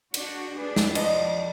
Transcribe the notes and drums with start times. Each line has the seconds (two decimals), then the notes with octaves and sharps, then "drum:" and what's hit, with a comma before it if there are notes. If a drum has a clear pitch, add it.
0.14 D4 F#4, drum: cymbal
0.57 D4 G#4 B4
0.76 drum: snare
0.95 F3 D4 D#5, drum: cymbal